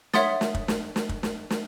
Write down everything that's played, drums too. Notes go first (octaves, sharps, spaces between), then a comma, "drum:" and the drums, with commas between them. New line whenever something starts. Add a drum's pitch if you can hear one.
C#5 E5 F#5 C6 D#6 A6, drum: snare
drum: snare
drum: kick
drum: snare
drum: snare
drum: kick
drum: snare
drum: snare